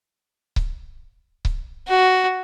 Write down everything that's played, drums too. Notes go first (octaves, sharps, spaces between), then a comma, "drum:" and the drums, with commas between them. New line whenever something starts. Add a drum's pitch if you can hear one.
drum: kick C#1
drum: kick C#1
F#4